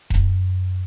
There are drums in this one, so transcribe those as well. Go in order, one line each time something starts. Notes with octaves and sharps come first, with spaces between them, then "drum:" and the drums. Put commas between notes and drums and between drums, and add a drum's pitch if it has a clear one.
F#2, drum: kick E1